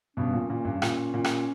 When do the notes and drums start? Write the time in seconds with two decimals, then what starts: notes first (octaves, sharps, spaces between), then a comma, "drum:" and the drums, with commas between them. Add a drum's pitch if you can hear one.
0.17 G2 B2 C#4
0.33 A#2
0.50 A#2
0.65 G2
0.82 A#2, drum: rim click
1.14 A#2
1.24 drum: rim click